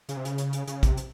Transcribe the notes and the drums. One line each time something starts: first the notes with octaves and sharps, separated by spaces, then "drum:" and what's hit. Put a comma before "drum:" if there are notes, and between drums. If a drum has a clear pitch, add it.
C#3, drum: hi-hat
C3
C#3, drum: hi-hat
drum: hi-hat
drum: hi-hat
C#3, drum: hi-hat
C3, drum: kick, hi-hat
drum: hi-hat